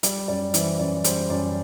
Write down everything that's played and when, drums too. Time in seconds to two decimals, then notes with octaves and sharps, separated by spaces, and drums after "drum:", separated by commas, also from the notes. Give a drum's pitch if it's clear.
0.03 G3 D5, drum: hi-hat
0.28 F#2 D5
0.54 E3 C5, drum: hi-hat
0.79 F#2 D5
1.04 G3 C5, drum: hi-hat
1.30 F#2 D5